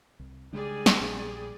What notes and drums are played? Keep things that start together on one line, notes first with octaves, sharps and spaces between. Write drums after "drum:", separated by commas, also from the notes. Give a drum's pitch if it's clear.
C2
C#3 G3 G#3 D4 G#4 D5
drum: snare
A#1